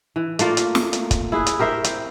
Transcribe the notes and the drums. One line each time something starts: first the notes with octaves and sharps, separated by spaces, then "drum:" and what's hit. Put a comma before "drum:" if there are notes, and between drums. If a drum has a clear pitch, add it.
E3
A3 A#3 F4 D5, drum: hi-hat
drum: hi-hat
drum: snare
drum: hi-hat
drum: kick, hi-hat
E4 G#4 B4
drum: hi-hat
G4 A#4 C5 E5
C4, drum: hi-hat